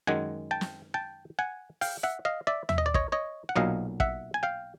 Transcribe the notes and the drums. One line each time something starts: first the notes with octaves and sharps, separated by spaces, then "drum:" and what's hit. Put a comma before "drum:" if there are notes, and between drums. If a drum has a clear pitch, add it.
F#2 D#3 G#3 F#5 G#5
G5 A5
drum: snare
G5 A5
F#5 G#5
F5 G5, drum: open hi-hat
E5 F#5
D#5 F5
D5 E5
E5, drum: tom
D#5
D5
C#5 D#5, drum: kick
C#5 D#5
F#5
B1 A#2 F#3 D#5 F5
E5 F#5, drum: kick
G#5
F5 G5